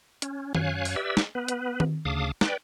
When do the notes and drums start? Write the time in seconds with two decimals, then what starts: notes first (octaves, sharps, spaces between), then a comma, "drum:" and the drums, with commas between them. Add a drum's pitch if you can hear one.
0.22 C#4, drum: hi-hat
0.55 F#2 C#5 F5 G#5 F#6, drum: tom D#3
0.85 drum: open hi-hat
0.96 G4 B4 D5 E5 E6
1.17 drum: snare
1.35 B3 B4
1.48 drum: hi-hat
1.80 drum: tom D#3
2.05 D2 C#3 F5 A5 D6 D#6
2.41 B4 D5 G5, drum: snare